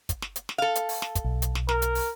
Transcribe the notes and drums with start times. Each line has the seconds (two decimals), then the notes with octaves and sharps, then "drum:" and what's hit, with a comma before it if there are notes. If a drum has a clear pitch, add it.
0.09 drum: kick, hi-hat
0.22 drum: snare
0.36 drum: hi-hat
0.49 drum: snare
0.58 A4 F5
0.75 drum: hi-hat
0.89 drum: open hi-hat
1.02 drum: snare
1.15 drum: kick, hi-hat
1.25 B1
1.42 drum: hi-hat
1.55 drum: snare
1.69 A#4, drum: snare
1.82 drum: hi-hat
1.95 drum: open hi-hat